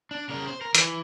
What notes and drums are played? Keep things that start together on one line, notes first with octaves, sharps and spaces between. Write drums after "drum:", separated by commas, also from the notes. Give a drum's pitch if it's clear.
D4
C#3 A#4
C5
A#4
E3, drum: hi-hat